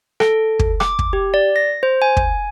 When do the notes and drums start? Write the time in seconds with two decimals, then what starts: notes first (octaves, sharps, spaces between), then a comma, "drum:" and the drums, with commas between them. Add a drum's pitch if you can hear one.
0.20 A4, drum: rim click
0.59 drum: kick
0.80 D6, drum: rim click
0.99 drum: kick
1.13 G4
1.34 D5
1.56 A#6
1.83 C5
2.02 G#5
2.17 drum: kick